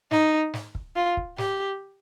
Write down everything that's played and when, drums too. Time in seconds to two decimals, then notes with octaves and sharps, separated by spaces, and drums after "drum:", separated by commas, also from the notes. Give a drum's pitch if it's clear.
0.11 D#4, drum: snare
0.54 drum: snare
0.75 drum: kick
0.96 F4
1.17 drum: kick
1.38 G4, drum: snare